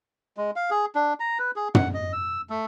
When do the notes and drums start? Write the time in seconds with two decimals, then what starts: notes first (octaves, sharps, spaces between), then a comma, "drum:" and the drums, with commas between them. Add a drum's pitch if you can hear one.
0.37 G#3
0.56 F5
0.71 G#4
0.95 D4
1.20 A#5
1.39 B4
1.56 G#4
1.75 F#5, drum: tom
1.94 D#5
2.13 E6
2.50 A3